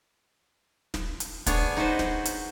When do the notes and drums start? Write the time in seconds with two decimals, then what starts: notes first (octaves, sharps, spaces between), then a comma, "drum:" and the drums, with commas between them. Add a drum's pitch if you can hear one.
0.94 drum: snare
1.20 drum: hi-hat
1.46 B3 D4 G#4 C#5, drum: kick, hi-hat
1.77 D#4 F#4 B4 C5
1.99 drum: snare
2.25 drum: hi-hat